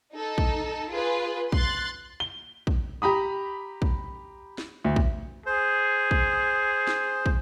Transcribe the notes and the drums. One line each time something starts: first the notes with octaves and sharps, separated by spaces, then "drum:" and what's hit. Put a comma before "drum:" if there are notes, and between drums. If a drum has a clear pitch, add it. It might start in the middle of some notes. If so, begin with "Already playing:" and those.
D#4 A4
drum: kick
F4 G#4 B4
C6 F#6 A6, drum: kick
G7
drum: kick
G4 A#5 B5 D#6
drum: kick
drum: snare
D2
drum: kick
G#4 C5
drum: kick
drum: snare
drum: kick